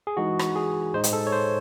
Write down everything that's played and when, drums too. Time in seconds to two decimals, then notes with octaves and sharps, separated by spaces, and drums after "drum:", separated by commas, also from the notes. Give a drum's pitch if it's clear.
0.07 G#4
0.17 E3 G#3 D#4 F#4
0.39 drum: rim click
0.56 G#4
0.94 A2 G#3 D#4 C5
1.04 drum: hi-hat
1.13 A4
1.27 C#5
1.32 C5